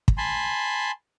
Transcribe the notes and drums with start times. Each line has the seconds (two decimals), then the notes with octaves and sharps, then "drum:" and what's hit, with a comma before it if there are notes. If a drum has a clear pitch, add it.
0.08 drum: kick
0.18 G#5 A5 B5 C6